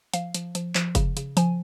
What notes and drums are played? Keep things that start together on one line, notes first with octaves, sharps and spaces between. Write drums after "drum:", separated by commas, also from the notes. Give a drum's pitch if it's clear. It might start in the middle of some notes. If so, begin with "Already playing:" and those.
F3 F5, drum: hi-hat
F3, drum: hi-hat
F3, drum: hi-hat
F3, drum: clap
C#3, drum: kick F1, hi-hat
C#3, drum: hi-hat
F3 G#5, drum: hi-hat